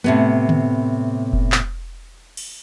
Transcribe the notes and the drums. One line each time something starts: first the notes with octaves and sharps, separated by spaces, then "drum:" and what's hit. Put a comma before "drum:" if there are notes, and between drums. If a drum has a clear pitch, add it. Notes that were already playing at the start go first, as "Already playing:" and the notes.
A2 C3 B3
drum: tom D3
drum: kick F1
drum: clap
drum: cymbal